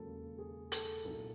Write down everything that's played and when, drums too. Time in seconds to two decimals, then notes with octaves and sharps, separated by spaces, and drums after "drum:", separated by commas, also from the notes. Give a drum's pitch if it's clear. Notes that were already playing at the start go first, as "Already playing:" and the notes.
Already playing: E1 D#2 C#3 F#3 A#3 A4
0.38 G#4
0.72 A4, drum: hi-hat
1.04 C2 A#2 F#3 A#3 D#4